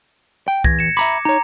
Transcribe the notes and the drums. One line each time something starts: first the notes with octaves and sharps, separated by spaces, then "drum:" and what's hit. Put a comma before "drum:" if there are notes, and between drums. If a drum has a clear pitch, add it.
G5
E2 G#6 A#6, drum: kick C2
C#7 E7
E5 A#5 B5 D6
D#4 C#5 A#5